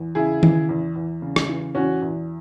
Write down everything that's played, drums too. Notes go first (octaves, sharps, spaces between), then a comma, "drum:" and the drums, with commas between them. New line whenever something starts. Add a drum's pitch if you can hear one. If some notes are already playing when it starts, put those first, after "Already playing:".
Already playing: E2
C#3 E4 G#4
E3, drum: tom D#3
E2
E2
C#3
drum: rim click
E3
E2 C#4 F#4
E2